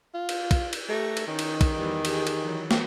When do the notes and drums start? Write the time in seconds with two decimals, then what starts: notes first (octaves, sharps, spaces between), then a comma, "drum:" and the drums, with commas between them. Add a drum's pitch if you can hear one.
0.14 F4
0.29 drum: cymbal
0.51 drum: kick, cymbal
0.73 drum: cymbal
0.89 A3 G4 A#5 C#6
1.17 drum: cymbal
1.27 D#3 C#4 D#4
1.39 drum: cymbal
1.61 drum: kick, cymbal
1.76 E2 E3 G3
2.05 G4 G#4, drum: cymbal
2.27 drum: cymbal
2.42 E3 F#3
2.71 drum: snare